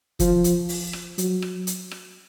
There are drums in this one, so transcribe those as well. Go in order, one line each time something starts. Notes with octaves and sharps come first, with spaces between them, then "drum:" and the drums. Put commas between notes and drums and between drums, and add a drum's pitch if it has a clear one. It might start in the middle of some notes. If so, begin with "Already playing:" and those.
F3, drum: kick, hi-hat
drum: hi-hat
drum: open hi-hat
drum: rim click
F#3, drum: hi-hat
drum: rim click
drum: hi-hat
drum: rim click